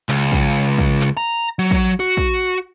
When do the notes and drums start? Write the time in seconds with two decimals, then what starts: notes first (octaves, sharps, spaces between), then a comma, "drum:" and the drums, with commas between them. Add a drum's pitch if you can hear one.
0.09 C#2, drum: clap
0.32 drum: kick
0.78 drum: kick
1.02 drum: clap
1.17 A#5
1.59 F#3
1.71 drum: kick
2.00 F#4
2.17 drum: kick